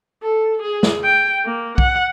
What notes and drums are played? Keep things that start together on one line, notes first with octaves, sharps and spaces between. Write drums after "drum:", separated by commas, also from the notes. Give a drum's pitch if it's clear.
A4
G#4
drum: snare
G5
A#3
F#5, drum: kick B1